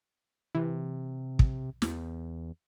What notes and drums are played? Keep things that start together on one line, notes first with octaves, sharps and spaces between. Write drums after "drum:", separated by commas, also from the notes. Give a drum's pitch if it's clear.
C3 E3
drum: kick
E2, drum: snare